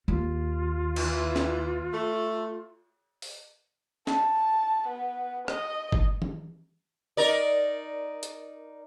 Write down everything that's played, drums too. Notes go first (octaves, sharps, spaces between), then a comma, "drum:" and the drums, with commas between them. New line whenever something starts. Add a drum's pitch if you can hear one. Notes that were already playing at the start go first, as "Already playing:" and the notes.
D#2 F4
E3, drum: cymbal
drum: snare
A3
drum: open hi-hat
A5, drum: snare
B3
D#5, drum: rim click
drum: kick G1
drum: tom E3
D#4 A#4 D5
drum: hi-hat